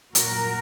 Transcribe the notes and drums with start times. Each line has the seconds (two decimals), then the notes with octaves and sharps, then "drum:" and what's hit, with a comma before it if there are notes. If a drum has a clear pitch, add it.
0.15 A#2 F#3 F#4 A#4, drum: hi-hat